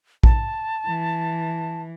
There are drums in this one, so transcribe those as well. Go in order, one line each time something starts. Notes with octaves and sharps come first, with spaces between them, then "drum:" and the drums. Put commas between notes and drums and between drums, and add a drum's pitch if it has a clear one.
A5, drum: kick A#1
E3